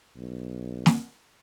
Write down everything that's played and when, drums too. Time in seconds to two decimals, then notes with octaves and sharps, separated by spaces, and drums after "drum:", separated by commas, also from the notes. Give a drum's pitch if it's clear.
0.16 B1
0.86 drum: snare